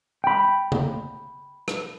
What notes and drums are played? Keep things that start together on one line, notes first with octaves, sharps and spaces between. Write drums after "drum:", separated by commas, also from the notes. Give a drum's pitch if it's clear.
G5 B5
drum: tom C#3
drum: rim click